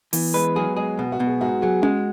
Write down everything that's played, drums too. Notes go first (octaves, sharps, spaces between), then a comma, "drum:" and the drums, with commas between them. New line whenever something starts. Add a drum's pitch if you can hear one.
E3 B3, drum: open hi-hat
G#3 B4
F#3 G#4
G#3 G#4
B2 B3
F#4
B2
G#4
G#2 F#4
F#3 G#4
G#3 F#4, drum: tom C#4